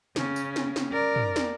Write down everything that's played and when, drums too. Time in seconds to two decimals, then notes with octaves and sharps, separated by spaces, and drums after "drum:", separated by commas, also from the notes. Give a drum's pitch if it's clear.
0.16 C#3 C#4, drum: snare
0.36 drum: tambourine
0.56 drum: snare
0.76 drum: snare
0.92 A#4 D5
1.16 drum: tom
1.36 drum: snare